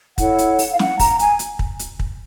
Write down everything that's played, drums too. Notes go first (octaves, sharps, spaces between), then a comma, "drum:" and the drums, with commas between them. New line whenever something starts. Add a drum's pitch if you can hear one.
E4 A4 C#5 F#5, drum: kick, hi-hat
drum: hi-hat
drum: open hi-hat
F5
F#5, drum: snare
A#5, drum: kick, open hi-hat
G#5, drum: hi-hat
drum: hi-hat
drum: kick
drum: hi-hat
drum: kick